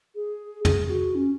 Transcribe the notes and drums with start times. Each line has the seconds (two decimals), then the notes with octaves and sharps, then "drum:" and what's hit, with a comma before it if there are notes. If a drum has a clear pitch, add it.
0.15 G#4
0.65 G#4, drum: tom
0.90 F#4
1.15 C#4